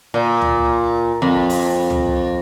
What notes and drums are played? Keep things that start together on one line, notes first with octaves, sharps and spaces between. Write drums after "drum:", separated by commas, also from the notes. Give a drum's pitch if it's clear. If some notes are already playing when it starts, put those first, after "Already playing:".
A#2
drum: tom C#2
F2
drum: kick
drum: open hi-hat
drum: tom C#2